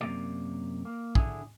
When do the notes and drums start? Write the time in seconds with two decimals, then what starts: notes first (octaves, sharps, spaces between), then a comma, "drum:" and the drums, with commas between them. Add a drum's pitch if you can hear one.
0.01 F#2 C3 E3 F3 A#3 D5
0.85 A#3
1.15 D3 D4 E4 G#4, drum: kick